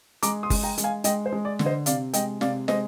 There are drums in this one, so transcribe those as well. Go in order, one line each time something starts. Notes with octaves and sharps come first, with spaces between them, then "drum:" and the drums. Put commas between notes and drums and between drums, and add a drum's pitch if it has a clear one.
G#3 A#5 D6, drum: hi-hat
C6 D#6
G#3, drum: kick G1, open hi-hat
G5 A#5
G#3, drum: hi-hat
F5 G#5
G#3 D#5 G5, drum: hi-hat
C5
G#3
D5
D3, drum: snare
C5 D#5
C3 D5 F5, drum: hi-hat
G#3 D#5 G5, drum: hi-hat
C3 D5 F5, drum: snare
G#3 C5 D#5, drum: snare